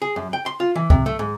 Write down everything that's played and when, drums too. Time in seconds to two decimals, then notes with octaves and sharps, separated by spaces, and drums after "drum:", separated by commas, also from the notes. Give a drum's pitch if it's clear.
0.02 G#4
0.16 F#2
0.33 G5
0.46 C6
0.60 F4
0.75 E3
0.90 C3, drum: kick C2
1.06 A3
1.19 G#2